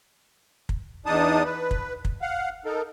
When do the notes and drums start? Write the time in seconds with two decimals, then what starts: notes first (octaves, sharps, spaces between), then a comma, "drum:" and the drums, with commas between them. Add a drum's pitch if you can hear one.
0.69 drum: kick
1.06 E2 D4 D#4 A5 D#6
1.45 B4
1.71 drum: kick
2.05 drum: kick
2.22 F5 F#5
2.65 D#4 A4 A#4